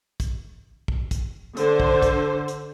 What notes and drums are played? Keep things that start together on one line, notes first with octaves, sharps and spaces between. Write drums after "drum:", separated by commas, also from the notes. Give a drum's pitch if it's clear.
drum: kick, hi-hat
drum: kick
drum: kick, hi-hat
D3 C5, drum: hi-hat
drum: kick
drum: kick, hi-hat
drum: hi-hat